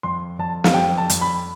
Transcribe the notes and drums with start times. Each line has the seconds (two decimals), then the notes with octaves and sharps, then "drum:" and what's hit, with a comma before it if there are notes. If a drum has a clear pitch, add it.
0.03 F2 C6
0.39 F2 A5
0.64 F5, drum: snare
0.74 F2 G5
0.98 A5
1.10 F2, drum: hi-hat
1.21 B5